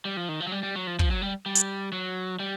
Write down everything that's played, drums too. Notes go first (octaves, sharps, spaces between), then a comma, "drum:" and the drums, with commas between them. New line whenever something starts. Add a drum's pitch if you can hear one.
G3
F3
D#3
F3
F#3
G3
G3
F#3
F3
F3, drum: kick
F#3
G3
G3
drum: hi-hat
F#3
G3